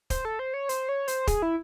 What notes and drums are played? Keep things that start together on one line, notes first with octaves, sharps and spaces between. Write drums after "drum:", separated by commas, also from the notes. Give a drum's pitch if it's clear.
C5, drum: kick, hi-hat
A4
C5
C#5
C5, drum: hi-hat
C#5
C5, drum: hi-hat
G#4, drum: kick, hi-hat
E4